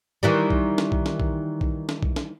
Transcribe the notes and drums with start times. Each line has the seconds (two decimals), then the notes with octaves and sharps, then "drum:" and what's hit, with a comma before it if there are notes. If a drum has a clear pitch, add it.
0.23 D#3 E3 G3
0.50 drum: kick B1
0.78 drum: snare
0.92 drum: kick B1
1.06 drum: snare
1.20 drum: kick B1
1.61 drum: kick B1
1.89 drum: snare
2.03 drum: kick B1
2.16 drum: snare